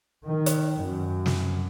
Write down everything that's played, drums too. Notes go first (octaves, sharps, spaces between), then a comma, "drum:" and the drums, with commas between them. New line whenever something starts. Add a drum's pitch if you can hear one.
D#3
drum: hi-hat
F#2
drum: snare